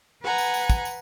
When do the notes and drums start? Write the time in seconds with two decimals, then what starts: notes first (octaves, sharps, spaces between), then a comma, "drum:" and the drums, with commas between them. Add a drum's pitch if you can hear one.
0.23 B4 F#5 G#5 A#5
0.38 drum: tambourine
0.54 drum: tambourine
0.70 drum: kick, tambourine
0.85 drum: tambourine